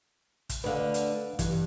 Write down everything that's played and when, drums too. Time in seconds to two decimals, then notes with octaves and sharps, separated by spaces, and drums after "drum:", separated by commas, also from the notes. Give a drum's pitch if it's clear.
0.49 drum: kick, hi-hat
0.64 D2 D3 B4 F5
0.94 drum: hi-hat
1.39 G2 E3, drum: kick, hi-hat